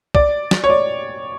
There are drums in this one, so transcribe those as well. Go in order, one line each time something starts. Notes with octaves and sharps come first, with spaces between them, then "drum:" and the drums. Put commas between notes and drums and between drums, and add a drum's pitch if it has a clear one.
D5, drum: kick C2
drum: snare
C#5
D5